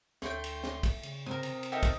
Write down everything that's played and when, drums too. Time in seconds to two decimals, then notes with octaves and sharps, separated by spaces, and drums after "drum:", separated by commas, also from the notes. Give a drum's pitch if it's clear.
0.22 D2 A3 G5 C6, drum: snare
0.44 drum: cymbal
0.64 drum: snare
0.83 drum: kick, cymbal
1.03 C#3, drum: cymbal
1.26 C3 A#4 D#6
1.43 drum: cymbal
1.63 drum: cymbal
1.72 D#4 G4 A4 A#4 E5
1.83 drum: kick, cymbal